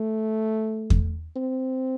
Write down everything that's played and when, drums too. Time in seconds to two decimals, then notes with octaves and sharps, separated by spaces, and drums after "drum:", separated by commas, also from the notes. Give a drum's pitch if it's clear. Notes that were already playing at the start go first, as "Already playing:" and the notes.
Already playing: A3
0.90 drum: kick E2
1.36 C4